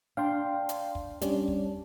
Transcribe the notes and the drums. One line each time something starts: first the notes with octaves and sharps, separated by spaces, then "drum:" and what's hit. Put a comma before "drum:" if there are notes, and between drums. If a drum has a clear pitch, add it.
D4 F5 G5 C6
drum: hi-hat
drum: kick
G3 C#4 D4, drum: hi-hat
drum: kick